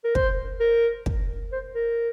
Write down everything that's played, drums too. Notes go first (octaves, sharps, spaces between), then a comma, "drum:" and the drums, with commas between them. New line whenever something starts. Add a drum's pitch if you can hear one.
A#4
C5, drum: kick
A#4
drum: kick
C5
A#4